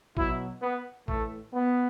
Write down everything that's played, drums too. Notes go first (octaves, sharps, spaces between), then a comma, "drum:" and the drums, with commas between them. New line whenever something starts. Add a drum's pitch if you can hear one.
B2 F#3 E4, drum: kick A1
B3
A2 E3 A3, drum: kick A1
B3